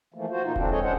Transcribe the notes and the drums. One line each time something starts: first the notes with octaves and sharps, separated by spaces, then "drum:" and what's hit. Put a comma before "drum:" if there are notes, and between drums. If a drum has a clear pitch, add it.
E3 F3 A3 A#3
F4 F#4 C5
B2 A#3 D#4 F4
D3 E3 C4 D4, drum: kick D#1
F3 G#3 G#4 A4 C#5 D#5
C#4 D4 C5 F#5